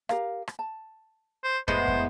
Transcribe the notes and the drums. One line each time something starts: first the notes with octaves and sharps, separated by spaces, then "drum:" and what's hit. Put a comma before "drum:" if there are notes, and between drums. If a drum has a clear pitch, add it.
G4 A#4 F5, drum: rim click
drum: rim click
A5
C5
A2 G#3 B3 C5, drum: kick
drum: kick